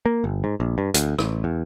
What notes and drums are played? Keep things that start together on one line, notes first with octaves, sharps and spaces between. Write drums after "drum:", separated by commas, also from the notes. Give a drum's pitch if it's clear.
A#3
G1
G#2
A#1
G2
D2, drum: hi-hat
A1, drum: rim click
E2